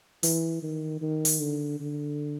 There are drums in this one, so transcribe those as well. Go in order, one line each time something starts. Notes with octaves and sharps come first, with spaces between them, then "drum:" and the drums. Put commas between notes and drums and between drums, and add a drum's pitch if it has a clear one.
E3, drum: open hi-hat
D#3
D#3
drum: open hi-hat
D3
D3